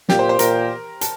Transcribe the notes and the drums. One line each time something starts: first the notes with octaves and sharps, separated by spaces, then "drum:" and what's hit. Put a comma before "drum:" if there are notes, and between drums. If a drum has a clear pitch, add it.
A#2 G4, drum: snare
C5
C5
A#2 A#4, drum: hi-hat
A5, drum: hi-hat